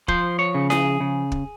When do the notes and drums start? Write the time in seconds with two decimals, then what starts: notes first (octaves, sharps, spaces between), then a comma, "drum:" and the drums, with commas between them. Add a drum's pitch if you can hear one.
0.08 F3 C5, drum: kick
0.39 C#5
0.55 C#3
0.70 G#4, drum: snare E4
1.01 C#3
1.32 drum: kick